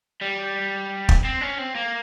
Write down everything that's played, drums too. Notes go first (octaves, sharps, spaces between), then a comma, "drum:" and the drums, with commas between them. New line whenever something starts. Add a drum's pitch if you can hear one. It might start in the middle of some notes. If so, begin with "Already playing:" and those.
G3
drum: kick
C4
C#4
C4
A#3